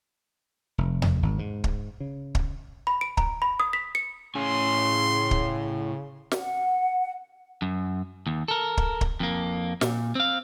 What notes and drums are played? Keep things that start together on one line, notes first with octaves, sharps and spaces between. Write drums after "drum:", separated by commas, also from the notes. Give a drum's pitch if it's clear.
F1
drum: tom E2
G#1
G#2
drum: kick
C#3
drum: kick
B5
D7
A#5, drum: kick
B5
D#6
B6
C#7
A2 C#3 G#5 C6
drum: kick
F#5, drum: snare
F#2
D#2
A4 A#4
drum: kick
drum: kick
F2 A#3
A#2, drum: snare
C4 F5